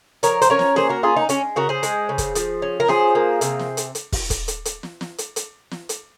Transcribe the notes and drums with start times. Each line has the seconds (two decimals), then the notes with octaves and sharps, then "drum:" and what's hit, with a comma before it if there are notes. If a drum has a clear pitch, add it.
0.23 F3 A#4 C#5, drum: hi-hat
0.42 C5, drum: hi-hat
0.50 C#4 A#4 C#5
0.59 drum: snare
0.76 A#3 G#4 C5, drum: snare
0.89 F#4 A#4
1.03 C#4 F4 G#4
1.17 D#4
1.29 G#3 C#4, drum: hi-hat
1.56 C#3 F#4 A#4
1.69 G#4 C5
1.83 G#3, drum: hi-hat
2.09 C#3
2.18 drum: kick, hi-hat
2.35 F3, drum: hi-hat
2.62 C#4
2.80 A#4
2.88 F3 G#4 C5, drum: snare
3.15 A#3
3.41 C3, drum: hi-hat
3.59 drum: snare
3.77 drum: hi-hat
3.95 drum: hi-hat
4.12 drum: kick, open hi-hat
4.30 drum: kick, hi-hat
4.48 drum: hi-hat
4.65 drum: hi-hat
4.83 drum: snare
5.01 drum: snare
5.18 drum: hi-hat
5.36 drum: hi-hat
5.71 drum: snare
5.89 drum: hi-hat